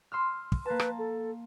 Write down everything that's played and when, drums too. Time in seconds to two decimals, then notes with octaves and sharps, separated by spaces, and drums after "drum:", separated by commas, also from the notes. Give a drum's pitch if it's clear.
0.12 C6 E6 F6
0.52 drum: kick
0.66 A#3 B4 A5
0.80 drum: rim click
0.99 A4